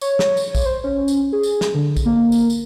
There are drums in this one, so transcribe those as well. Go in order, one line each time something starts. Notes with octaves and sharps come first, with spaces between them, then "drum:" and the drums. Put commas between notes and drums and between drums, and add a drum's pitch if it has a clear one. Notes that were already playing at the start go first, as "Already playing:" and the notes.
C#5, drum: tambourine
drum: snare
drum: tambourine
drum: kick A#1, tambourine
C5
C#4
drum: tambourine
G#4
drum: tambourine
drum: snare
D3
drum: kick A#1, tambourine
A#3
drum: tambourine
drum: tambourine